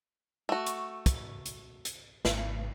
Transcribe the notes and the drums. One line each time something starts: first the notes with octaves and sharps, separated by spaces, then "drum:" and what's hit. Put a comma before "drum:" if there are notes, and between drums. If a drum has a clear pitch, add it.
A3 F#4
drum: hi-hat
drum: kick, hi-hat
drum: hi-hat
drum: hi-hat
G#1, drum: snare